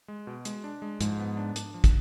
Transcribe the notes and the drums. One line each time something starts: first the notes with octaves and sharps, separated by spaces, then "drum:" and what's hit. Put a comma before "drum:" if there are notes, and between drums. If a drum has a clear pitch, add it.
G#3
B2
G#3, drum: hi-hat
D4
G#3
G#2 F3, drum: hi-hat
B3
D4
D4, drum: hi-hat
F3
drum: kick, hi-hat